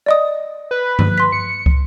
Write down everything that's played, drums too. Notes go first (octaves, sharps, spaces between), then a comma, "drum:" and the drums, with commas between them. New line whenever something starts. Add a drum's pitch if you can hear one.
D5 D#5 D#6
B4
drum: tom G2
C6 B6
C#7
drum: kick